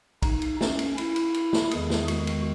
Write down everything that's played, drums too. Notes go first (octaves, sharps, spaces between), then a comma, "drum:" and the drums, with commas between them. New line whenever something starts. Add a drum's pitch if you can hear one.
D#4, drum: kick B1, cymbal
drum: cymbal
C#4, drum: snare
drum: cymbal
E4, drum: cymbal
drum: cymbal
drum: cymbal
drum: snare
E2 D#3 G#3 G#4, drum: cymbal
drum: snare
F#4, drum: cymbal
drum: cymbal